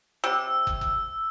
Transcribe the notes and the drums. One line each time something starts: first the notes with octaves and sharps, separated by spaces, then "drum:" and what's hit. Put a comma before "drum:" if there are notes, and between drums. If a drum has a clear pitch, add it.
C3 E6
drum: kick
drum: kick